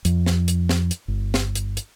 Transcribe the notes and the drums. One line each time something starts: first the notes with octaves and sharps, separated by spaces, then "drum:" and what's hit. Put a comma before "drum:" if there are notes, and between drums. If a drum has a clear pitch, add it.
F2, drum: hi-hat
drum: snare
drum: hi-hat
drum: snare
drum: hi-hat
G1
drum: snare
drum: hi-hat
drum: hi-hat